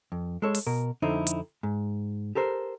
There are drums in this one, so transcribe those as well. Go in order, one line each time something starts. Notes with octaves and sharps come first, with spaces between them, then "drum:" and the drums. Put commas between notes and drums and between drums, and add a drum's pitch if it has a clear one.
F2
G#3 A4 C#5
drum: open hi-hat
B2 A#4
F2 D3 C4 D#4 E4
drum: hi-hat
G#2
G4 A4 A#4 C5